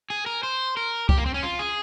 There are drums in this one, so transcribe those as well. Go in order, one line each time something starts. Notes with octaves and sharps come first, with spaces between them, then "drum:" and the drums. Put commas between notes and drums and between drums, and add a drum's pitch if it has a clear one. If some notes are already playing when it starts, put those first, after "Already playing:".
G#4
A#4
C5
A#4
G4, drum: kick
A#3
C4
C#4
F4
G#4